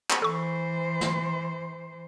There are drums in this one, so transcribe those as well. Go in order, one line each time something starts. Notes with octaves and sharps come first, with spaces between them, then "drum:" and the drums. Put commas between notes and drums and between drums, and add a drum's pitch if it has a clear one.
drum: clap
E3 A4 C5 C#6
drum: snare